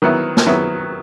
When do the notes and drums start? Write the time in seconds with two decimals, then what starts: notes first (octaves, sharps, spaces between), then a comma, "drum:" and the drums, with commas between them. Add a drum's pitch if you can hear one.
0.02 D#3 F#3 B3 E4
0.37 drum: snare
0.46 D#3 F#3 B3 E4